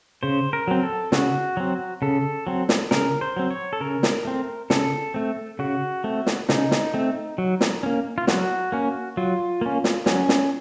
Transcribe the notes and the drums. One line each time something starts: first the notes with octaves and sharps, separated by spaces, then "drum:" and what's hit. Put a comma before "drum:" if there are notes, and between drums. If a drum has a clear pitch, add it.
C#3 C5
A#4
F#3 C4
A4
C#3 F#4, drum: snare
F#3 C4
C#3 A4
F#3 C4
drum: snare
C#3 A#4, drum: snare
C5
F#3 C4
C#5
A4
C#3 A#4
drum: snare
A3 C4
C#3 A4, drum: snare
A3 C4
C#3 F#4
A3 C4
drum: snare
C#3 D#4, drum: snare
drum: snare
A3 C4
F#3
drum: snare
A#3 C#4
F4
F#3 F#4, drum: snare
A#3 C#4
F#3 F4
A#3 C#4
drum: snare
F#3 C#4, drum: snare
drum: snare